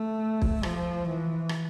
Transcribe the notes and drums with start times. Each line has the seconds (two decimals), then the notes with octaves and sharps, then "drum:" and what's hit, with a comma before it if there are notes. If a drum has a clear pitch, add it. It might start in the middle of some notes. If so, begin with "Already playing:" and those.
Already playing: A3
0.42 drum: kick
0.63 F3, drum: rim click
1.07 E3
1.49 drum: rim click